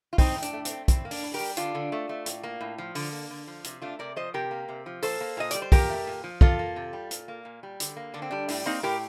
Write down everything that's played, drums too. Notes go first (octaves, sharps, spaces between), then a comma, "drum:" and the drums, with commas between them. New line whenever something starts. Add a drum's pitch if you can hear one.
F4
A2 C4 D#4, drum: kick, open hi-hat
A2
D4, drum: hi-hat
A3
C4, drum: hi-hat
A3
A2 C4, drum: kick, hi-hat
A#3
D4, drum: open hi-hat
A2
G4 A#4, drum: open hi-hat
G3
D3 D4 F4, drum: hi-hat
D3
A3
A3
A2, drum: hi-hat
A#3
A2
F3
D3, drum: open hi-hat
A#3
D3
F3
C3, drum: hi-hat
A3 D4 F4
C3 A#4 D5
F3 C5 D#5
C3 G4 A#4
A#3
C3
F3
A#2 A4 C5, drum: open hi-hat
A#3
A#2 D#5
G3 D5, drum: hi-hat
C5
A#2 G4 A#4, drum: kick, open hi-hat
A3
A#2
F3
C3 F4 A4, drum: kick
A#3
C3
G3
A#2, drum: hi-hat
A#3
A#2
G3
D3, drum: hi-hat
A#3
D3 D4
C4
G3 D4
A2 D4, drum: open hi-hat
A#3 C4 D#4
A2 G4 A#4